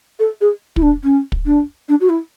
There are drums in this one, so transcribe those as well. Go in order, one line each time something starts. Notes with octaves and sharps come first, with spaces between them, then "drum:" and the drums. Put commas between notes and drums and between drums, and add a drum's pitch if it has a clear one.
A4
G#4
E4, drum: kick
D4
C#4
drum: kick
D4
D4
F#4
E4